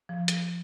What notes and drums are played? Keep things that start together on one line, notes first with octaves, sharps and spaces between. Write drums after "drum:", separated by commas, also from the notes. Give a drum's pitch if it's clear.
F3
drum: hi-hat